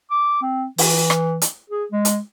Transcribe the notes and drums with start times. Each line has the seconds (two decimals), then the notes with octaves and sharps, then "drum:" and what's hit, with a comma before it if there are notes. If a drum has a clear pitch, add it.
0.11 D6
0.42 C4
0.78 E3, drum: open hi-hat
1.10 drum: rim click
1.42 drum: hi-hat
1.70 G#4
1.92 G#3
2.05 drum: hi-hat